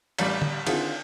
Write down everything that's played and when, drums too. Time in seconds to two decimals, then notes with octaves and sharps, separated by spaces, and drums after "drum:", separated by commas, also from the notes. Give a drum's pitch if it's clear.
0.19 A1 G3 D5, drum: cymbal
0.42 drum: tom D3
0.67 D3 D#3 C4 E4 F4 G#4, drum: cymbal